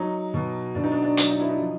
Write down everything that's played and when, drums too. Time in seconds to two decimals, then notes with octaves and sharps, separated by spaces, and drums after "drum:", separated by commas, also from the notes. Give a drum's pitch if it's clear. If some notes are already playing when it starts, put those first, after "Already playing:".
Already playing: F#3 D#4
0.34 B2
0.75 B2 D4
0.84 D#4
0.92 D4
1.03 D4
1.17 F#3, drum: hi-hat
1.30 D#4
1.40 E4
1.49 D#4
1.58 F3